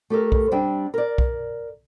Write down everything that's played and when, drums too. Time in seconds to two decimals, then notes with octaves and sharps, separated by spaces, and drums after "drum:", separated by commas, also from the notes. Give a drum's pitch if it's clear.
0.10 A3 G4 A4 A#4
0.32 drum: kick
0.52 G3 C4 D4 G5
0.94 A#4 D5
1.18 drum: kick